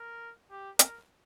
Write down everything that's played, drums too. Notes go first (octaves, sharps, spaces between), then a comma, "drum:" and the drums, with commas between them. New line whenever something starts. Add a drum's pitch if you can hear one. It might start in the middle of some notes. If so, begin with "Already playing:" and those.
Already playing: A#4
G4
A#4, drum: hi-hat